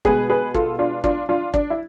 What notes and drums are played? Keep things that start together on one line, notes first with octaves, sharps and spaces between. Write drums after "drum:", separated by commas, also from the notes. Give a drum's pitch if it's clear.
B2 G#3 B3 G#4 B4, drum: kick
G#4 B4
F4 A4, drum: kick
D4 F4
D4 F4, drum: kick
D4 F4
D4, drum: kick
E4